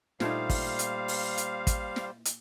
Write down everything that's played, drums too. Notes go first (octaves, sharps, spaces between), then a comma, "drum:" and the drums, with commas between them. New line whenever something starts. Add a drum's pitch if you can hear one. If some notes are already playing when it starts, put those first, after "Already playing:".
A#2 G3 A3 D#4 C5 F5, drum: snare
drum: kick, open hi-hat
drum: hi-hat
drum: open hi-hat
drum: hi-hat
drum: kick, hi-hat
drum: snare
drum: hi-hat